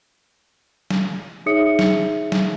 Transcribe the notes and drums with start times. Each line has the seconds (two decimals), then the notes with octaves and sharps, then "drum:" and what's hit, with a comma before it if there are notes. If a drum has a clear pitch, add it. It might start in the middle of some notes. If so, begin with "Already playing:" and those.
0.90 drum: snare
1.46 D#4 G#4 C#5 E5 D#6 C#7
1.79 drum: snare
2.32 drum: snare